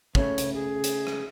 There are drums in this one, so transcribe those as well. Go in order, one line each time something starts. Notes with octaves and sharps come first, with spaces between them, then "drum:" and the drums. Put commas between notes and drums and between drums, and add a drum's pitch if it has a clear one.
C#3 A3 C#5, drum: kick
drum: hi-hat
G#4
drum: hi-hat
drum: rim click